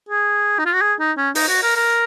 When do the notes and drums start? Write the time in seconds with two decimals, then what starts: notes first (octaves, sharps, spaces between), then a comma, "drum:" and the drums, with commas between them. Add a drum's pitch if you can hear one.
0.09 G#4
0.59 D#4
0.66 F4
0.73 F#4
0.82 G#4
0.99 D#4
1.17 C#4
1.35 D#4, drum: open hi-hat
1.49 F#4
1.63 A#4
1.76 A#4